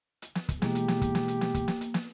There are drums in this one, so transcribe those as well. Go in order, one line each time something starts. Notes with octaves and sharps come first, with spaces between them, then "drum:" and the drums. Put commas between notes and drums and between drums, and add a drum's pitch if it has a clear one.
drum: hi-hat
drum: snare
drum: kick, hi-hat
B2 E3 G#3 A#3 G4, drum: snare
drum: hi-hat
drum: snare
drum: kick, hi-hat
drum: snare
drum: hi-hat
drum: snare
drum: kick, hi-hat
drum: snare
drum: hi-hat
drum: snare